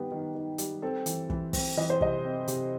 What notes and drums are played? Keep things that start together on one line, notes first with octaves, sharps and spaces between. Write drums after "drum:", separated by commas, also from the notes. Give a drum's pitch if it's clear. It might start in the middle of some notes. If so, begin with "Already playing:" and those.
Already playing: D#3 G3 B3 G4
D#3
D#3
G3, drum: hi-hat
C4 A4
E3, drum: hi-hat
E3, drum: kick
C4, drum: kick, open hi-hat
E3 D#5
C5
C3 D#5, drum: kick
C4
C3, drum: hi-hat